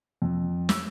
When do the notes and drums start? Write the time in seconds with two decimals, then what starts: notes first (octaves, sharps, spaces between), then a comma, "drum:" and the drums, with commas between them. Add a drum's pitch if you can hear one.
0.22 F2
0.69 E6, drum: snare